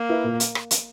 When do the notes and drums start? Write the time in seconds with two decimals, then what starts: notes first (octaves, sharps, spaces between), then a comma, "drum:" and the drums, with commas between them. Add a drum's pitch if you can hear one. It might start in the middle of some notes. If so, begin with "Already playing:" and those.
Already playing: A#3
0.09 E4 B4
0.24 A#2
0.40 drum: hi-hat
0.55 drum: rim click
0.71 drum: hi-hat